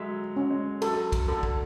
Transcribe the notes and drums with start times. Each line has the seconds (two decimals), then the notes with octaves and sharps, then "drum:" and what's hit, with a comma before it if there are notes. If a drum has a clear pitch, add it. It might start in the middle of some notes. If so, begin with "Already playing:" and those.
Already playing: D3 F#3 G#3 E5
0.36 C#4
0.51 G#3
0.82 F#3 A4, drum: cymbal
1.12 drum: kick, cymbal
1.28 D3 A4
1.43 drum: kick